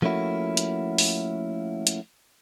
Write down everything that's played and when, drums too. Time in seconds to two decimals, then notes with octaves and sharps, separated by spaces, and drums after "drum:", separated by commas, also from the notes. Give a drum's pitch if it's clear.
0.02 F3 A3 A#3 C#4 E4 F#4
0.57 drum: hi-hat
0.98 drum: open hi-hat
1.87 drum: hi-hat